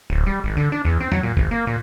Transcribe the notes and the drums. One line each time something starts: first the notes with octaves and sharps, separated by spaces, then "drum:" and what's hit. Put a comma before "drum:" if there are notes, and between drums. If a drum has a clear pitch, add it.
D1
G3
G#1
D3
D4
E2
C4
F#3, drum: tom E2
A#2
G#1, drum: kick F#1
A#3
A#2